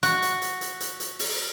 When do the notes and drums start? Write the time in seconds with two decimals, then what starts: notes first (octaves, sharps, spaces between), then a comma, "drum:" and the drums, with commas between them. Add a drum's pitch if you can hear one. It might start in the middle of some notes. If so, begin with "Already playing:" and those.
0.03 F#4, drum: hi-hat
0.22 drum: hi-hat
0.42 drum: hi-hat
0.61 drum: hi-hat
0.80 drum: hi-hat
1.00 drum: hi-hat
1.19 drum: open hi-hat